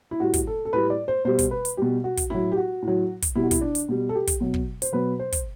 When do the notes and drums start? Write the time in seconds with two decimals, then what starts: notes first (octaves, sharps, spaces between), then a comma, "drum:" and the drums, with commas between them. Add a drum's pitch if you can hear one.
0.11 E4
0.20 A2 G3 F#4
0.34 drum: kick, hi-hat
0.47 A4
0.65 A4
0.73 A2 G3 B4
0.90 D5
1.08 C5
1.25 B2 G3 C5
1.39 drum: kick, hi-hat
1.51 B4
1.65 drum: hi-hat
1.77 B2 G3 G4
2.04 F#4
2.17 drum: kick, hi-hat
2.30 A2 F#3 E4
2.52 G4
2.57 F#4
2.82 A2
2.88 F#3
3.22 drum: kick, hi-hat
3.35 B2 G3 E4
3.44 F#4
3.51 E4, drum: kick, hi-hat
3.61 D4
3.75 drum: hi-hat
3.89 B2 G3
4.09 A4
4.15 G4
4.27 drum: kick, hi-hat
4.40 B2 F#3
4.54 drum: kick
4.82 C5, drum: hi-hat
4.92 B2 F#3 B4
5.19 C5
5.32 drum: kick, hi-hat